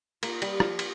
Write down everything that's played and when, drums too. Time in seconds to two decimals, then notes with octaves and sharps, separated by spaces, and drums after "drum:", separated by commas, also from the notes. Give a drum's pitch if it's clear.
0.23 A#3 F4, drum: cymbal
0.42 G3, drum: cymbal
0.51 G4
0.60 F3, drum: rim click
0.79 drum: cymbal